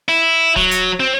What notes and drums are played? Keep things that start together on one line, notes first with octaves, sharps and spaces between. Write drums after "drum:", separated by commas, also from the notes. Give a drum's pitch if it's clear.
E4
F#3, drum: kick D1
drum: hi-hat
C4